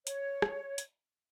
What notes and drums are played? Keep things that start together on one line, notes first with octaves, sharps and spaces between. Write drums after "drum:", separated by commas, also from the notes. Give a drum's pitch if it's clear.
C#5, drum: hi-hat
drum: rim click
drum: hi-hat